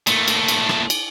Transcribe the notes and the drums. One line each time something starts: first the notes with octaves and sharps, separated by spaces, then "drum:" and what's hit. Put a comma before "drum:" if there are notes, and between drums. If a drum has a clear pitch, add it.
A#2 A3, drum: cymbal
drum: cymbal
drum: cymbal
drum: rim click
drum: cymbal